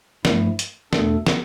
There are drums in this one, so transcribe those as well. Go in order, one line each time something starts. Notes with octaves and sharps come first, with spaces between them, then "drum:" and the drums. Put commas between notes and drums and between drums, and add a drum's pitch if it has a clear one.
G2 F3 A3 E4, drum: snare
drum: hi-hat
E2 B2 A3 D4 A4, drum: snare
drum: snare